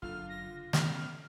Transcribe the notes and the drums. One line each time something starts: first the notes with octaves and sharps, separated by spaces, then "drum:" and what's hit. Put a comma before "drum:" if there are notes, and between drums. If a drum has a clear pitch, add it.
F#1 D3 F4 F6
A#6
A2 B3 C#4 F6, drum: snare